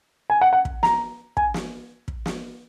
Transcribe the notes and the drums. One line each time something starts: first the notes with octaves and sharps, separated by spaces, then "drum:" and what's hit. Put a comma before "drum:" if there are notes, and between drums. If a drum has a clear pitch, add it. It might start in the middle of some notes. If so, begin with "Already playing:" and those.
G#5
F#5
F#5
drum: kick
A#5, drum: snare
G#5, drum: kick
drum: snare
drum: kick
drum: snare